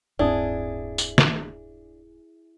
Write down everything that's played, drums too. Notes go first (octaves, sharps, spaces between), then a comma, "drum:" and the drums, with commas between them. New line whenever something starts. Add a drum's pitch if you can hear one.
D1 G2 C4 D4 E4 G#4 D#6
drum: tambourine
drum: snare